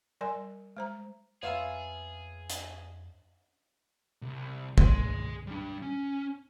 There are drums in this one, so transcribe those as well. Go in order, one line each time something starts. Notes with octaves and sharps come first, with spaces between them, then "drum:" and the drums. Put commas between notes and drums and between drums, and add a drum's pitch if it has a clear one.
G3 A#4 D5 G#5 C6
G#3 C5 A#5
F2 B3 F4 G#4 C#5 E5 F5 A#5
drum: hi-hat
C2
G#4 C6, drum: kick
G3 D4
C#4